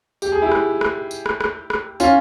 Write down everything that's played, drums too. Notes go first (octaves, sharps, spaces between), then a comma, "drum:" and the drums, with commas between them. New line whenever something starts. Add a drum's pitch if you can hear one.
G4, drum: tambourine
G#4
E4 G4
drum: rim click
drum: rim click
drum: tambourine
drum: rim click
drum: rim click
drum: rim click
C#4 F4, drum: tambourine